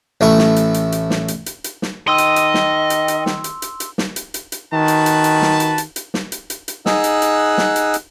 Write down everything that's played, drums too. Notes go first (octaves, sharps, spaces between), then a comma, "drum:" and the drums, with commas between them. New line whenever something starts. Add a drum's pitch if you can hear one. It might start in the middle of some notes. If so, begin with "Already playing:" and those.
A1 A3 E4 C#6
drum: snare
drum: hi-hat
drum: hi-hat
drum: hi-hat
drum: snare
drum: hi-hat
drum: hi-hat
drum: hi-hat
drum: snare
D#3 D#5 C6 E6
drum: hi-hat
drum: hi-hat
drum: snare
drum: hi-hat
drum: hi-hat
drum: snare
drum: hi-hat
drum: hi-hat
drum: hi-hat
drum: snare
drum: hi-hat
drum: hi-hat
drum: hi-hat
D#3 F#4 B4 A5
drum: hi-hat
drum: hi-hat
drum: hi-hat
drum: snare
drum: hi-hat
drum: hi-hat
drum: hi-hat
drum: snare
drum: hi-hat
drum: hi-hat
drum: hi-hat
D#4 G#4 F#5 E6 F#6, drum: snare
drum: hi-hat
drum: hi-hat
drum: snare
drum: hi-hat
drum: hi-hat